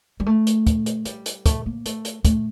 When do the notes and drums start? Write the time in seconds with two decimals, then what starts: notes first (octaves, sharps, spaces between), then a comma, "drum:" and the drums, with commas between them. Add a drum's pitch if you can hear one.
0.20 G3
0.26 A3
0.47 drum: hi-hat
0.67 drum: kick, hi-hat
0.86 drum: hi-hat
1.05 G3, drum: hi-hat
1.26 drum: hi-hat
1.46 A3, drum: kick, hi-hat
1.66 A#3
1.86 A3, drum: hi-hat
2.05 drum: hi-hat
2.25 A3, drum: kick, hi-hat